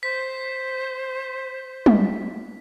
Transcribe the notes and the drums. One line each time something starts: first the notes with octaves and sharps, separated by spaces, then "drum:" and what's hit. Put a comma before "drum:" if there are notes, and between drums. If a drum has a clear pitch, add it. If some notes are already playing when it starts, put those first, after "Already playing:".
C5 B6
drum: tom